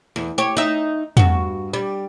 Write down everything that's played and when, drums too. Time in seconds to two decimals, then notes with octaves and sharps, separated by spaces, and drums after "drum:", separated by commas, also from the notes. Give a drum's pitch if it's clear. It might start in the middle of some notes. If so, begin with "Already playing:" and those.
0.16 E2
0.38 G4 C#5
0.57 D#4 E5
1.17 G2 F#4, drum: tom
1.73 G3